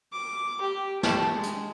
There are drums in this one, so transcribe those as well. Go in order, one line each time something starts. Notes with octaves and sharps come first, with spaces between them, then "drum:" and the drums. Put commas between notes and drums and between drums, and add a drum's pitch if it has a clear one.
D6
G4
A5, drum: snare
G#3
drum: hi-hat